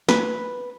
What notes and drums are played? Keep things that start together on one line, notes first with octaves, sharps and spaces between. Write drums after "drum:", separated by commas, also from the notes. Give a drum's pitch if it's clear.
B4, drum: snare